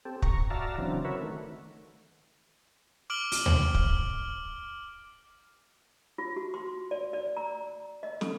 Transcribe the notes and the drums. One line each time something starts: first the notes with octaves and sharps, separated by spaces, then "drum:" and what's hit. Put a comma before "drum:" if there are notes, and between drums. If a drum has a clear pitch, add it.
C4 G4 A4
A#5 C#6, drum: kick
F#4 D5 E5 F5 A5 A#5
C#3 E3 F#3 C4 D4
F#4 A#4 B4 C#5 E5
D#3 A3
D6 F6 D7 F#7 G7
drum: open hi-hat
drum: tom D2
drum: kick
F4
F#4
C6
D5
D5
A#5
D#5
A4, drum: snare